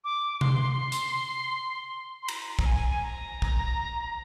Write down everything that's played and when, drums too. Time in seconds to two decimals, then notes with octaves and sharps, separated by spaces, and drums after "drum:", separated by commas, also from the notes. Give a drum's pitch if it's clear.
0.04 D6
0.41 C6, drum: tom C3
0.92 drum: hi-hat
2.23 C6
2.28 A#5, drum: cymbal
2.59 A#5, drum: kick
2.65 G#5
3.03 A#5
3.42 drum: kick